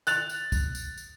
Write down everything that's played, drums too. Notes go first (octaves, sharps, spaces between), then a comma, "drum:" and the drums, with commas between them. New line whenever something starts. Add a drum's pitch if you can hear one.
F#6 A6 F7, drum: tambourine
drum: tambourine
drum: kick, tambourine
drum: tambourine
drum: tambourine